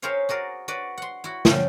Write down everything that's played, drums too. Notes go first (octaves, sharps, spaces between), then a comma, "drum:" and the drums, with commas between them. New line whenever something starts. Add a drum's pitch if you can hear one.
G#4 A#4 C5 C#5 E5 F5
F#4 G#4 A#4 D5
F#4 B4 D5
F#5 C6
E4 F#4
C#3 F3 G3, drum: snare